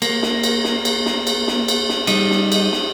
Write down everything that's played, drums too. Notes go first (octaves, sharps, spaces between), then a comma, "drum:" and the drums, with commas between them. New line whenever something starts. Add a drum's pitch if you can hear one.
A#3, drum: cymbal
drum: snare
drum: cymbal
drum: snare
drum: cymbal
drum: snare
drum: cymbal
drum: snare
drum: cymbal
drum: snare
G3 D#4, drum: cymbal
drum: snare
drum: cymbal
drum: snare